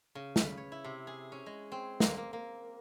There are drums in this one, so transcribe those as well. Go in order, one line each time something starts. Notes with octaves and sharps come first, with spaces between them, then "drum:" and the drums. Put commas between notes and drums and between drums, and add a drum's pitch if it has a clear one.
C#3
B4, drum: snare
C#5
E4
C3
G#4
C#4
G#3
C4
A#3, drum: snare
A#3
A#3